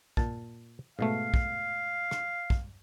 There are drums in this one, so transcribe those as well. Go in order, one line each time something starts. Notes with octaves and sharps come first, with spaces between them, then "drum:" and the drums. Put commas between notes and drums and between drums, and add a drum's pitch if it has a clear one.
A#2 A5, drum: kick
G#2 B2 A3 F5
drum: kick
drum: rim click
drum: kick